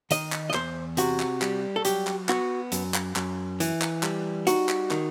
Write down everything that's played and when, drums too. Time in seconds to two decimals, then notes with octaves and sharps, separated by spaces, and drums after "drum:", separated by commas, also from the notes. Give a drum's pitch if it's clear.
0.11 D#3 D#5, drum: hi-hat
0.32 drum: clap
0.50 D#5
0.54 E2 C5, drum: clap
0.97 C3 F#4, drum: hi-hat
1.20 drum: clap
1.42 G3, drum: clap
1.76 A4
1.85 F#3 G4, drum: hi-hat
2.07 drum: clap
2.29 B3 F#4, drum: clap
2.72 F#2, drum: hi-hat
2.94 drum: clap
3.16 F#2, drum: clap
3.60 E3, drum: hi-hat
3.82 drum: clap
4.03 G3, drum: clap
4.47 D#4 F#4, drum: hi-hat
4.69 drum: clap
4.91 D#3, drum: clap